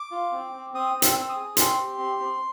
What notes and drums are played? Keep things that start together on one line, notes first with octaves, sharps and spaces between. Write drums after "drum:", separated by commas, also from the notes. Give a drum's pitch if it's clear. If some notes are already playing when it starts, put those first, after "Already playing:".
Already playing: D6
F4
C4
C4
C4 D#6
C4
E6, drum: hi-hat
C4 E6
D#6
G#4
C4 C6, drum: hi-hat
G4
C4
C4